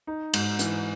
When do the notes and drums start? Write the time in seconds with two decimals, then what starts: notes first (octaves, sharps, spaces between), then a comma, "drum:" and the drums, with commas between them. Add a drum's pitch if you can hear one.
0.07 D#4
0.34 G#2, drum: cymbal
0.59 E3, drum: hi-hat